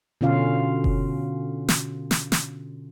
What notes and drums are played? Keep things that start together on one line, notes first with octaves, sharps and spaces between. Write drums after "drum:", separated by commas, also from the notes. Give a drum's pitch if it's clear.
B2 D3 C#4 F4 F5
drum: kick F#1
drum: snare
drum: snare
drum: snare